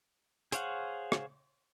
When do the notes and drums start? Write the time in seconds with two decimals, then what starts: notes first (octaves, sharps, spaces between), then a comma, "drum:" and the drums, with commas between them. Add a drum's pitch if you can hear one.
0.52 G#4 C5 C#5 F5 F#5, drum: hi-hat
1.12 drum: rim click